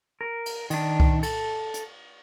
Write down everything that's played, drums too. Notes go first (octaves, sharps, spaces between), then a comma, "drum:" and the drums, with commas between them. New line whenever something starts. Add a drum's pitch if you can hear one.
A#4
drum: cymbal
D#3 D4, drum: cymbal
drum: kick C2
A4, drum: cymbal
drum: hi-hat